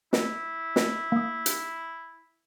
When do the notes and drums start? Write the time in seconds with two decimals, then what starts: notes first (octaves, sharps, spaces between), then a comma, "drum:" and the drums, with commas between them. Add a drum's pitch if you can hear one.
0.13 E4, drum: snare
0.76 drum: snare
1.12 A#3 D#6
1.46 drum: hi-hat